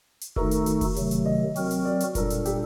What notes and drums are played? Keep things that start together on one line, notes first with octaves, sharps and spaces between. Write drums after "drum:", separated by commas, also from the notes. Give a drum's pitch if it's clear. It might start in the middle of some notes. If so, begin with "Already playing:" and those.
drum: hi-hat
D#3 A3 D#4 F#4 A4 A#4, drum: kick F1
drum: hi-hat
drum: hi-hat
drum: kick F1, open hi-hat
C3 D#3 F#3 A3, drum: hi-hat
drum: hi-hat
D#5
F#3 C4 F#4 A#4, drum: open hi-hat
drum: hi-hat
D5
drum: hi-hat
A#2 G3 D4 A4 A#4, drum: kick F1, hi-hat
drum: hi-hat
G4, drum: hi-hat